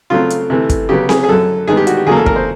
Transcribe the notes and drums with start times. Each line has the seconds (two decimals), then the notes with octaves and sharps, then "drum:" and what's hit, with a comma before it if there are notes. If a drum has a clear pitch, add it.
0.10 C#3 F#3 A3 C4 F4
0.30 drum: hi-hat
0.50 C3 E3 A3
0.70 drum: kick, hi-hat
0.89 C#3 F#3 B3 G4
1.09 G#4, drum: snare C4
1.24 G#4
1.28 F#2 D3 F#3 A4
1.67 G2 D#3 G#3 B3 G#4
1.77 G4
1.87 F#4, drum: hi-hat
1.97 G4
2.07 E2 C#3 F#3 A#3 G#4
2.16 A4
2.26 A#4, drum: kick
2.36 C5